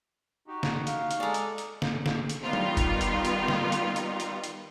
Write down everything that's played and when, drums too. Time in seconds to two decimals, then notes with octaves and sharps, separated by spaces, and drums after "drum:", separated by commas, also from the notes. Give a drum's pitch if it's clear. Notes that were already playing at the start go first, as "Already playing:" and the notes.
0.47 D#4 F#4 G4
0.63 drum: snare
0.87 F5, drum: hi-hat
1.11 drum: hi-hat
1.20 G#3 A4 D5 A#5 F6
1.34 drum: hi-hat
1.58 drum: hi-hat
1.82 drum: snare
2.06 drum: snare
2.30 drum: hi-hat
2.43 D#3 G3 B3 D#4 F4
2.53 drum: tom F#3
2.77 drum: kick, hi-hat
3.01 drum: hi-hat
3.25 drum: hi-hat
3.48 drum: snare
3.72 drum: hi-hat
3.96 drum: hi-hat
4.20 drum: hi-hat
4.44 drum: hi-hat